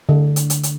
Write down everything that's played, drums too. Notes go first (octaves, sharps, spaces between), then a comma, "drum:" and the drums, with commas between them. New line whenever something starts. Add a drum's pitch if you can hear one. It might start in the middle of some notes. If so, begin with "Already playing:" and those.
D3
drum: hi-hat
drum: hi-hat
drum: hi-hat